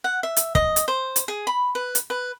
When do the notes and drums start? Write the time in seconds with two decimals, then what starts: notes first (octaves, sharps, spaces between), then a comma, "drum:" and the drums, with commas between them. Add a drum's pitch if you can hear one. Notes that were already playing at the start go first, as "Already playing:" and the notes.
0.04 F#5
0.23 E5
0.37 drum: hi-hat
0.55 D#5, drum: kick
0.76 drum: hi-hat
0.88 C5
1.16 drum: hi-hat
1.28 G#4
1.47 B5
1.75 B4
1.95 drum: hi-hat
2.10 B4